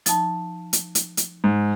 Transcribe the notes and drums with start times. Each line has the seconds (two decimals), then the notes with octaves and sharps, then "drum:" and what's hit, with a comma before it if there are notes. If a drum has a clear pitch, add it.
0.06 F3 D#4 A5, drum: hi-hat
0.73 drum: hi-hat
0.95 drum: hi-hat
1.17 drum: hi-hat
1.44 G#2